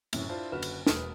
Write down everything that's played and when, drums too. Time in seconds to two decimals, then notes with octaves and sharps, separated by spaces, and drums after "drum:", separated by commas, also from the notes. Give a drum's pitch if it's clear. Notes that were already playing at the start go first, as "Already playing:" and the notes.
0.13 F#2 A2 C3 E3, drum: cymbal
0.29 D4 E4 F4 C5 A5
0.52 F#1 D3 F#4 B4 F6 E7
0.62 drum: cymbal
0.87 E1 A#3 B4 D#6 F6, drum: snare